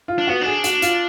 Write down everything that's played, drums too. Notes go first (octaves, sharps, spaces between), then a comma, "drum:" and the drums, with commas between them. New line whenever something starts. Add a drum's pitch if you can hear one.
F4
D4
B3 F#4
D4 G#4
F#4, drum: hi-hat
F4, drum: hi-hat